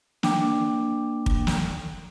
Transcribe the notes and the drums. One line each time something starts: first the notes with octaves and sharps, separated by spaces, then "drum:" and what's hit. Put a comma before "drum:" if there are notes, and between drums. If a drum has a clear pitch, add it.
A#3 D4 G5 D6, drum: snare
drum: kick
drum: snare